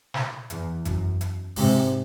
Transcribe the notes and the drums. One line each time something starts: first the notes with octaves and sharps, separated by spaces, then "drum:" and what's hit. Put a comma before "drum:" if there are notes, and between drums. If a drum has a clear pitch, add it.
drum: snare
E2, drum: hi-hat
F#2, drum: kick G#1, hi-hat
drum: hi-hat
G#2 C3, drum: open hi-hat